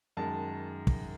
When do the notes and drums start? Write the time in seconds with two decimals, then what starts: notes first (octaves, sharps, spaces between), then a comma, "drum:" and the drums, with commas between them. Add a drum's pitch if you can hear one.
0.17 F#2 D#3 G#3 A5
0.87 drum: kick